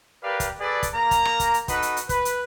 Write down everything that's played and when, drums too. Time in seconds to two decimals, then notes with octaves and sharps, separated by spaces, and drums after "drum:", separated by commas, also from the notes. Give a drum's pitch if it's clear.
0.23 G4 A#4 B4 D5 F5
0.40 drum: kick, hi-hat
0.60 G#4 A4 B4 D5
0.83 drum: kick, hi-hat
0.94 A#3 A#5
1.11 drum: kick, hi-hat
1.25 drum: rim click
1.40 drum: kick, hi-hat
1.54 drum: hi-hat
1.68 D#4 F#4 A4 B4, drum: kick, hi-hat
1.82 drum: hi-hat
1.97 drum: hi-hat
2.09 B4, drum: kick, hi-hat
2.25 drum: hi-hat